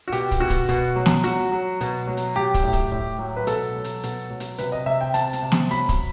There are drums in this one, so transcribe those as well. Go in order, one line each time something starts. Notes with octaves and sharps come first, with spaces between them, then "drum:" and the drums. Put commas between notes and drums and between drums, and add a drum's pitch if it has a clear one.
F#4
B2 G4, drum: hi-hat
drum: kick, hi-hat
B2 F#4
drum: kick, hi-hat
B2, drum: hi-hat
F#3
drum: snare
F#3 F#4, drum: hi-hat
F#3
B2, drum: hi-hat
F#3
drum: hi-hat
F#3 G4
drum: kick, hi-hat
A2
drum: kick, hi-hat
A2
F#3
B4
B2 A4, drum: hi-hat
F#3
drum: hi-hat
B2, drum: hi-hat
F#3
drum: hi-hat
C3 B4, drum: hi-hat
D#5
C3 E5
G5
C3 A5, drum: hi-hat
drum: hi-hat
C3
drum: snare
F#3 B5, drum: hi-hat
drum: kick, hi-hat